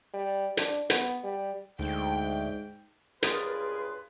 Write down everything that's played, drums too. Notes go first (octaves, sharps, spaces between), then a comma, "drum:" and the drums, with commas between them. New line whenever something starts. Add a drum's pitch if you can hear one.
G3
D4, drum: hi-hat
B3, drum: hi-hat
G3
D2 G#2 G5
C#2 G2 G#4 A#4 B4 C6 D#6 A6, drum: hi-hat